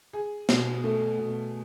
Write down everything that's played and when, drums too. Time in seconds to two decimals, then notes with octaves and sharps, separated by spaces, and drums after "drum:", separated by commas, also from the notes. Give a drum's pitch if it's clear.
0.13 G#4
0.49 B2, drum: snare
0.84 A3
1.18 B2